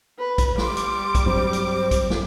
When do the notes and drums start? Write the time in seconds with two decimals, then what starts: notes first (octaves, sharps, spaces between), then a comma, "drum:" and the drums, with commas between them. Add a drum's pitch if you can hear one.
0.19 B4
0.38 drum: kick, hi-hat
0.58 G3 C6 D6, drum: snare
0.77 drum: hi-hat
1.15 drum: kick, hi-hat
1.26 G2 F#3 C4 C5
1.53 drum: hi-hat
1.91 drum: kick, hi-hat
2.10 drum: snare